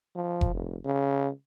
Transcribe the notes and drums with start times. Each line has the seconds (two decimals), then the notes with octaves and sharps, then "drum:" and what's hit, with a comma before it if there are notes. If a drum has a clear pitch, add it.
0.16 F3
0.41 drum: kick F1
0.54 F1
0.85 C#3